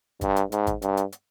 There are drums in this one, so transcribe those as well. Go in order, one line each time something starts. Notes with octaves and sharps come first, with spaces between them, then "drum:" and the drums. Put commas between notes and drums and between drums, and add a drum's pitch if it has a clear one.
G2, drum: kick G#1, hi-hat
drum: hi-hat
G#2, drum: hi-hat
drum: kick G#1, hi-hat
G2, drum: hi-hat
drum: hi-hat
drum: hi-hat